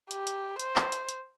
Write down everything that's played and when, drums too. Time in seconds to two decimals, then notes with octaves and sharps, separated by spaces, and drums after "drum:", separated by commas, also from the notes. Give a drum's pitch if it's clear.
0.11 G4, drum: hi-hat
0.27 drum: hi-hat
0.60 C5, drum: hi-hat
0.76 drum: clap
0.92 drum: hi-hat
1.09 drum: hi-hat